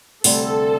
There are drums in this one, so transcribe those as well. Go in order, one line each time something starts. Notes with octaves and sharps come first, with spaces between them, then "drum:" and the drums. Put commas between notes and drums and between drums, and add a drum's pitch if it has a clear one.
D2 C3 G3 A4, drum: open hi-hat